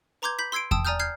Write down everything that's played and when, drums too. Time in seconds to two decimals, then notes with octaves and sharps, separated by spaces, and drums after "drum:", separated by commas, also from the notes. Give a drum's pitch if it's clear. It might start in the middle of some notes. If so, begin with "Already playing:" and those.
0.22 B4 A#5 C6 D6 G6 G#6
0.39 B5 G6 B6
0.52 C6 E6 G#6 C7 D7
0.71 G5 A5 D#6 E6, drum: kick E2
0.85 D5 G#5 A#5 D#6 F6 G6
0.99 F6 G6 G#6 C7